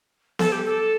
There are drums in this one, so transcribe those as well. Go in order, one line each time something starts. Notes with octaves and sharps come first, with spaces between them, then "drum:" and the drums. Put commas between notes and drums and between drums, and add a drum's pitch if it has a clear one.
A4, drum: snare B3
G4
A4